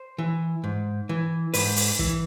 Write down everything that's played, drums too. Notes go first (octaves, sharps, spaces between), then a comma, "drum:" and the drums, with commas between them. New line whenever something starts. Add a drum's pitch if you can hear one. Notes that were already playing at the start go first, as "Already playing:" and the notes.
Already playing: C5
E3
G#2
E3
G#2 B4, drum: open hi-hat
drum: open hi-hat
E3, drum: kick